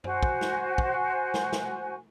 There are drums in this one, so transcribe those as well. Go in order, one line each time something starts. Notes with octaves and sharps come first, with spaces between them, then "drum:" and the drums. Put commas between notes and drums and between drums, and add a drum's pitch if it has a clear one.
F#4 C5 G#5, drum: tom F#2
drum: kick
drum: snare
drum: kick
drum: snare
drum: snare